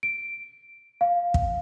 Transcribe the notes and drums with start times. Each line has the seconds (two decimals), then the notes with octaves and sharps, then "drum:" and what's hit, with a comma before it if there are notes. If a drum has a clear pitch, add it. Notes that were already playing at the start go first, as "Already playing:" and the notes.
0.03 D7
1.01 F5
1.34 drum: kick